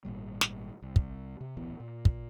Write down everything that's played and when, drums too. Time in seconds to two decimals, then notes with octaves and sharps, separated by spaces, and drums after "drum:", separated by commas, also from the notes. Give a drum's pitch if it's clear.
0.05 G#1 A#2 G3
0.41 drum: snare
0.82 C2
0.96 drum: kick
1.41 C3
1.57 D1 A#1 E3 B3
1.80 A#2
2.05 drum: kick